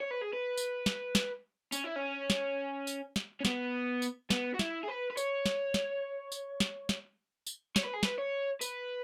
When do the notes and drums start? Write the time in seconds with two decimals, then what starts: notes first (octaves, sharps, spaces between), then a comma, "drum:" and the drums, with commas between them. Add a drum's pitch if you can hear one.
0.01 C#5
0.11 B4
0.22 G#4
0.33 B4
0.57 drum: tambourine
0.86 drum: snare
1.15 drum: snare
1.72 C#4, drum: tambourine
1.84 E4
1.96 C#4
2.30 drum: snare
2.87 drum: tambourine
3.16 drum: snare
3.41 C#4
3.45 B3, drum: snare
4.02 drum: tambourine
4.30 B3, drum: snare
4.55 F#4
4.59 E4, drum: snare
4.84 G#4
4.89 B4
5.11 B4
5.17 C#5, drum: tambourine
5.46 drum: snare
5.74 drum: snare
6.32 drum: tambourine
6.60 drum: snare
6.89 drum: snare
7.47 drum: tambourine
7.76 C#5, drum: snare
7.84 B4
7.94 G#4
8.03 B4, drum: snare
8.18 C#5
8.61 B4, drum: tambourine